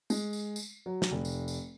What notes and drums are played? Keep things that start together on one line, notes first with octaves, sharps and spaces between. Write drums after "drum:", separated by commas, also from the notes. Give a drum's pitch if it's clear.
G#3, drum: tambourine
drum: tambourine
drum: tambourine
F#3
drum: snare
F1
drum: tambourine
drum: tambourine